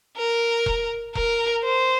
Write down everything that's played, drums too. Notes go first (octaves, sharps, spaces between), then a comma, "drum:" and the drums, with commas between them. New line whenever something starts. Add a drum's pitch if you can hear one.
A#4
drum: kick E1
A#4, drum: kick E1
C5